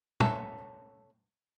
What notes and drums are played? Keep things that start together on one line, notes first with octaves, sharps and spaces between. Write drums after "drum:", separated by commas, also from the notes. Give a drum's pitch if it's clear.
C#4 A4 E5 F#5, drum: tom